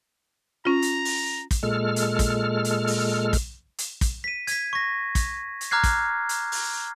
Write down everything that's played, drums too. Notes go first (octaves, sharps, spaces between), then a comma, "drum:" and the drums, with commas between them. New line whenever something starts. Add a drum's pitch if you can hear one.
C#4 F4 A#5
drum: hi-hat
drum: open hi-hat
drum: kick, hi-hat
A#2 G#3 A4 F6
drum: hi-hat
drum: kick, hi-hat
drum: hi-hat
drum: open hi-hat
drum: kick, hi-hat
drum: hi-hat
drum: kick, hi-hat
B6 D#7
G#6 B6, drum: hi-hat
C#6 A#6
drum: kick, hi-hat
drum: hi-hat
A#5 D6 F6 F#6 G#6 C7
drum: kick, hi-hat
drum: hi-hat
drum: open hi-hat